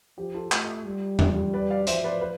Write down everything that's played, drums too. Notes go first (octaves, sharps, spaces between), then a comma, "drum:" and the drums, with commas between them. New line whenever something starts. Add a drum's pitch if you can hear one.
F3 G4
F4 A4
A3 F4, drum: clap
G3
F4, drum: tom E2
B4 D5
D5 F5
F3 C5 E5, drum: hi-hat
B4 D5
B4